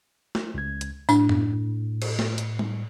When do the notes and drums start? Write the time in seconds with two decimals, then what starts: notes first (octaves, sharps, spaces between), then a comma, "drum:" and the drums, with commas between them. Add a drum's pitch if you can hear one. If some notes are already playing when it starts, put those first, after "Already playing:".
0.35 drum: snare
0.54 C#2 G#6
0.81 drum: hi-hat
1.09 A2 D4, drum: tambourine
1.29 drum: tom F#2
2.02 drum: cymbal
2.19 drum: snare
2.38 drum: hi-hat
2.59 drum: tom G3